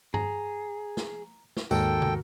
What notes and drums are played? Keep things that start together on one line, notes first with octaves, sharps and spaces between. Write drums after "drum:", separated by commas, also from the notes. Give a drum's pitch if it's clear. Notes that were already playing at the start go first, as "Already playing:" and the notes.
G#4 A#5, drum: tom G2
drum: snare
drum: snare
D#2 G#2 D#3 F#4 A4 A#4 G5, drum: tambourine
drum: tom